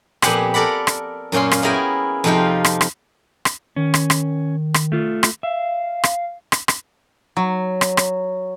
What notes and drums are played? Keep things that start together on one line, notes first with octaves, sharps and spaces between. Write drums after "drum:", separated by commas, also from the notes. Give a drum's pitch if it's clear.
F2 A#2 B3 G4 F#5 G#5, drum: rim click
A4 A#4 D5 F#5 B5
drum: rim click
F#2 A#2 C#4 F4 C6
drum: rim click
B3 E4 G#4 A#4 G5 G#5
F2 C3 F3 D#4 F4 G5
drum: rim click
drum: rim click
drum: rim click
D#3 C#4
drum: rim click
drum: rim click
drum: rim click
A3 F4
drum: rim click
E5 F5
drum: rim click
drum: rim click
drum: rim click
F#3
drum: rim click
drum: rim click